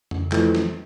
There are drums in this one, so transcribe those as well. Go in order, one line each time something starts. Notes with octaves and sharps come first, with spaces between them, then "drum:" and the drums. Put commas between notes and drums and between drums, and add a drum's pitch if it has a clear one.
drum: tom F2
F2 E3 A3, drum: clap
drum: snare